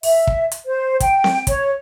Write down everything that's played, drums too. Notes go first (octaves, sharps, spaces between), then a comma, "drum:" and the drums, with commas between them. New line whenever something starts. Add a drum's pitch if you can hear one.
E5, drum: open hi-hat
drum: kick
drum: hi-hat
C5
G5, drum: kick, hi-hat
drum: snare C4
C#5, drum: kick, hi-hat